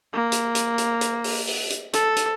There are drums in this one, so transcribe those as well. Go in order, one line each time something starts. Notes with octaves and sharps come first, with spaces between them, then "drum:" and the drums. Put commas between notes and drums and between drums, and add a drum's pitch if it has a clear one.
A#3
drum: hi-hat
drum: hi-hat
drum: hi-hat
drum: hi-hat
drum: open hi-hat
drum: open hi-hat
drum: hi-hat
A4, drum: hi-hat
drum: hi-hat